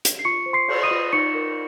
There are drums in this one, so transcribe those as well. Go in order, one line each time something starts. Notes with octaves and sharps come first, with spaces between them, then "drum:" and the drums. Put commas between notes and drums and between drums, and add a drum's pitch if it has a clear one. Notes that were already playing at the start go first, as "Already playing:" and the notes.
drum: hi-hat
C7
F4 C#6 C#7
C5
C6 C7
C5, drum: cymbal
D#6 D#7
F4
D#4 C#6 C#7
A#4